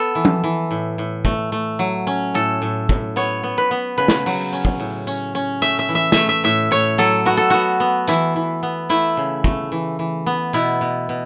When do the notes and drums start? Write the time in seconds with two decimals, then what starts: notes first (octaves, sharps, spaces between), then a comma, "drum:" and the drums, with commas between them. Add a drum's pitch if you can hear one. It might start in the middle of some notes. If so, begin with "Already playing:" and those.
Already playing: B3 A4
0.15 E3
0.25 drum: tom F3
0.44 E3
0.71 A2
0.98 A2
1.25 A3, drum: kick
1.52 A3
1.79 F#3
2.07 C#4
2.34 A2 A4
2.62 A2
2.89 A2, drum: kick
3.16 B3 C#5
3.43 B3
3.58 B4
3.71 B3
3.98 C#3 B4
4.08 drum: snare
4.26 F#3, drum: open hi-hat
4.53 C#4
4.65 drum: kick
4.80 A2
5.07 C#4, drum: tambourine
5.35 C#4
5.62 A3 E5
5.79 E5
5.89 E3
5.95 E5
6.12 A3 E5, drum: snare
6.29 E5
6.44 A2 E5
6.71 A2 C#5
6.98 F#3 A4
7.25 B3 F#4
7.37 A4
7.50 B3 F#4
7.80 B3
8.08 E3 E4, drum: hi-hat
8.36 E3
8.63 B3
8.89 A3 E4
9.17 C#3
9.44 A3, drum: kick
9.72 E3
9.99 E3
10.26 B3
10.53 B2 E4
10.81 B2
11.09 B2